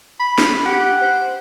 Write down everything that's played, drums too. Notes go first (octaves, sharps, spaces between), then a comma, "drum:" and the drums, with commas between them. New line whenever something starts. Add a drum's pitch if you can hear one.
B5
drum: snare
G4 F#5
C5